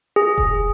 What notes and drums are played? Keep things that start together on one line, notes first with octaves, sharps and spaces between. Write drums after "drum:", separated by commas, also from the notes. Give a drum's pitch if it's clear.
G#4
drum: kick E1